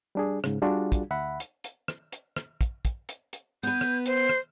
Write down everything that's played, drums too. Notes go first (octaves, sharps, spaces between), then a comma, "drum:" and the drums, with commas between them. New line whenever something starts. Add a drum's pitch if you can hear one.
G3 D4 G#4
G#2 C#3, drum: rim click
G3 D4 F4 F#4 G#4
drum: kick, hi-hat
D2 E5 F#5 B5
drum: hi-hat
drum: hi-hat
drum: rim click
drum: hi-hat
drum: rim click
drum: kick, hi-hat
drum: kick, hi-hat
drum: hi-hat
drum: hi-hat
B3 B4 G6
drum: rim click
C5, drum: hi-hat
drum: rim click